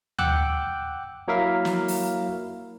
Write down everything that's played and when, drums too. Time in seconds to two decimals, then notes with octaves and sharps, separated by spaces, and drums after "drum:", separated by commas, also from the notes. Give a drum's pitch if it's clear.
0.19 F#5 G5 D6 E6 F#6 G6, drum: tom
1.28 F#3 A#3 E4 A#4 E5 F5
1.65 drum: snare
1.88 drum: open hi-hat